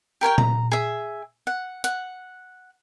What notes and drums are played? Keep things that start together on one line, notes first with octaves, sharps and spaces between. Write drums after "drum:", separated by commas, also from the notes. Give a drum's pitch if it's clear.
G4 A#4 C#5 G5
A#5, drum: tom A#2
G#4 E5
F#5
F#5, drum: hi-hat